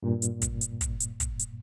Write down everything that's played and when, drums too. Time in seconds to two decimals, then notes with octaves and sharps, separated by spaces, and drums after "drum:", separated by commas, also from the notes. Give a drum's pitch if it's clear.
0.03 G2 A#2
0.22 drum: hi-hat
0.42 drum: kick, hi-hat
0.61 drum: hi-hat
0.81 drum: kick, hi-hat
1.00 drum: hi-hat
1.20 drum: kick, hi-hat
1.40 drum: hi-hat